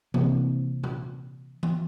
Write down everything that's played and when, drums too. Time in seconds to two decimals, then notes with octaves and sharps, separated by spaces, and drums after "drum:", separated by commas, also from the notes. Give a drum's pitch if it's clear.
0.14 C3 E3 A#3 C4, drum: tom E3
0.84 drum: tom A#2
1.63 drum: tom E3